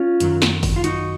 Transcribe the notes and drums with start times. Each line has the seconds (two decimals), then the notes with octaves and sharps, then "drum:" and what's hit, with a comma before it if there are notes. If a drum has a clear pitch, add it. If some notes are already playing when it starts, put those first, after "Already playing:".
Already playing: C#4 F4
0.20 F#2 D#3 F#3, drum: hi-hat
0.42 drum: snare
0.63 drum: kick G1, open hi-hat
0.76 F4
0.84 D#4 F#4, drum: hi-hat